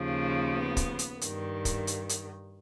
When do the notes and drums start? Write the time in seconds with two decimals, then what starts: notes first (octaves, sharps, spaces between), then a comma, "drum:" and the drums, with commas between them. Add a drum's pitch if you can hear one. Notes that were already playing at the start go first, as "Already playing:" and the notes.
Already playing: D#2 C#3 F3
0.54 B3
0.77 drum: kick, hi-hat
0.99 drum: hi-hat
1.21 G2 D#3, drum: hi-hat
1.65 drum: kick, hi-hat
1.87 drum: hi-hat
2.09 drum: hi-hat